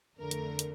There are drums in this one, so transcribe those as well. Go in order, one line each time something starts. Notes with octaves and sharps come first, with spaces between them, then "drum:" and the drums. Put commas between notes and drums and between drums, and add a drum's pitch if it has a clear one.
F2 D3 A3 A#4
drum: hi-hat
drum: hi-hat